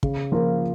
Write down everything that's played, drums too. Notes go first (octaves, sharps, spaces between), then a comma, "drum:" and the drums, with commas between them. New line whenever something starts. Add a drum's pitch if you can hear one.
C#3, drum: kick
F3 A#3 F4 A#4